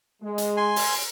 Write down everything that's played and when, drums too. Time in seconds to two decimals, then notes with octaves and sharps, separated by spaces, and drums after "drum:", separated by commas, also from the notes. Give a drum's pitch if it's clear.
0.23 G#3
0.38 drum: hi-hat
0.57 G#5 C6
0.76 drum: open hi-hat